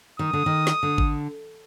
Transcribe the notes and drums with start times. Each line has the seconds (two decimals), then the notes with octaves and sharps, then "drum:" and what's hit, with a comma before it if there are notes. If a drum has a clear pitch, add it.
0.19 D#3 D#6
0.33 D3
0.46 D#3
0.67 drum: snare
0.83 D3
0.98 drum: kick